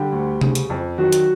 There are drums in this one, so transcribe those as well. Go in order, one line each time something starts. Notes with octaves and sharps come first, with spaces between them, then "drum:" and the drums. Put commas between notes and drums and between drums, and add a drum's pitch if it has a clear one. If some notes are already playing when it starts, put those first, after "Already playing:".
Already playing: D3 G3 G4
D2
C#3, drum: tom C3
drum: hi-hat
F2
D#3 F#3 F#4
drum: hi-hat